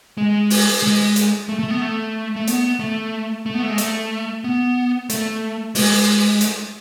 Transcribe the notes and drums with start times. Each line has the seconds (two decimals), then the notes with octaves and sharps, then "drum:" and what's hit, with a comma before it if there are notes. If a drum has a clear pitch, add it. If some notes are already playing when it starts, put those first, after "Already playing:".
0.18 G#3
0.50 drum: open hi-hat
0.83 G#3
1.16 drum: hi-hat
1.49 A3
1.59 A3
1.70 B3
1.81 A3
2.36 A3
2.47 B3, drum: hi-hat
2.80 A3
3.46 A3
3.54 B3
3.62 A3
3.70 G#3
3.78 A3, drum: hi-hat
4.44 B3
5.10 A3, drum: hi-hat
5.75 G#3, drum: open hi-hat
6.41 drum: hi-hat